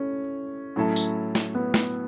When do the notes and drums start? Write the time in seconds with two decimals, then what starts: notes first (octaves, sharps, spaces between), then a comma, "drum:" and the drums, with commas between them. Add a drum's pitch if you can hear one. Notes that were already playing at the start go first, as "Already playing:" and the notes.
Already playing: A3 C#4 E4
0.76 A2 F#3 C#4 E4 A4
0.96 drum: tambourine
1.35 drum: snare
1.55 B3
1.74 drum: snare